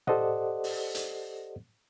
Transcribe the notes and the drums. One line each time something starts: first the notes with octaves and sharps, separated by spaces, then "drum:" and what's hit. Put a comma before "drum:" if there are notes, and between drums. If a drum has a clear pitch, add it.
G4 A4 C5 D5 D#5 F#5, drum: tom A2
drum: open hi-hat
drum: hi-hat